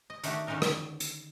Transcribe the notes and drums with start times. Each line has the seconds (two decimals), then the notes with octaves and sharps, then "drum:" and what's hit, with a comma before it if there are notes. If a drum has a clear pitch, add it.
0.10 D#5
0.24 D#3 A3 D4 F#4 G4, drum: hi-hat
0.47 D3 D#3 G#3 C#4 D#4 A#4
0.62 drum: rim click
1.00 drum: hi-hat